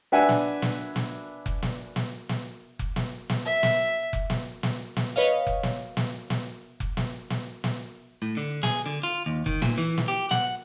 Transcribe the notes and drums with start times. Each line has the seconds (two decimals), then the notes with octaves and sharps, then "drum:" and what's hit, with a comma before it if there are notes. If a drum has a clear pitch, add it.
0.12 D4 B4 E5 F#5 G#5
0.29 drum: snare
0.62 drum: snare
0.96 drum: snare
1.46 drum: kick F1
1.62 drum: snare
1.96 drum: snare
2.29 drum: snare
2.79 drum: kick F1
2.96 drum: snare
3.29 drum: snare
3.45 E5
3.63 drum: snare
4.13 drum: kick F1
4.30 drum: snare
4.63 drum: snare
4.96 drum: snare
5.16 B4 C#5 D#5 F5
5.47 drum: kick F1
5.63 drum: snare
5.97 drum: snare
6.30 drum: snare
6.80 drum: kick F1
6.97 drum: snare
7.30 drum: snare
7.64 drum: snare
8.22 A2
8.37 D3
8.63 G#4, drum: snare
8.86 D3
9.03 F4
9.26 D#2
9.46 D#3, drum: kick F1
9.62 A#2, drum: snare
9.78 E3
9.98 drum: snare
10.08 G4
10.31 F#5, drum: snare